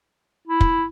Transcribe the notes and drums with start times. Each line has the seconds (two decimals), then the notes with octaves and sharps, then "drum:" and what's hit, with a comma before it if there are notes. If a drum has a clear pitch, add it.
0.47 E4
0.61 drum: kick